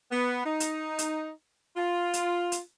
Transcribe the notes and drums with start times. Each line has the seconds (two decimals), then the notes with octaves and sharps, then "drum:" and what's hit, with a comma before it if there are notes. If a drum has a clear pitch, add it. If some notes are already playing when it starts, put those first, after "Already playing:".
0.11 B3
0.45 D#4
0.60 drum: hi-hat
0.99 drum: hi-hat
1.75 F4
2.14 drum: hi-hat
2.52 drum: hi-hat